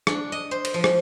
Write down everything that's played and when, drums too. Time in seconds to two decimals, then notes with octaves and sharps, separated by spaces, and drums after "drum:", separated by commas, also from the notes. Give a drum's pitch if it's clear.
0.07 D4, drum: rim click
0.32 D#5
0.51 C5
0.65 drum: cymbal
0.74 F3
0.84 drum: rim click